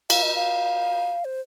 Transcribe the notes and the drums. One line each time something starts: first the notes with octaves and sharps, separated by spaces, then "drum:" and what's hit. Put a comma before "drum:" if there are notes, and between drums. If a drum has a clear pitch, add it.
F5, drum: cymbal
D#5
F5
C5